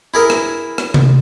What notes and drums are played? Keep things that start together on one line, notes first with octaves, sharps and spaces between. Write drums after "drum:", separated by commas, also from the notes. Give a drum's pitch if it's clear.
E4 G#4 A#4
drum: rim click
drum: rim click
drum: tom C3